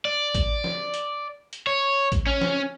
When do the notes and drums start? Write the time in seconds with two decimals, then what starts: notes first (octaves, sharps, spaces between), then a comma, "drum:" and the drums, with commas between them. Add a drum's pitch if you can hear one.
0.05 D5
0.35 drum: kick, hi-hat
0.64 drum: snare
0.94 drum: hi-hat
1.53 drum: hi-hat
1.67 C#5
2.12 drum: kick, hi-hat
2.27 C#4
2.41 drum: snare